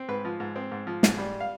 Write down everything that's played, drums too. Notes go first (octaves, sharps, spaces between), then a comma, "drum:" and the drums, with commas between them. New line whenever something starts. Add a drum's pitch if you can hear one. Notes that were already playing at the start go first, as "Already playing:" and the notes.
Already playing: C4
G#2 B4
F3
G#2
C4
G#2
F3
G#2, drum: snare
G3
F5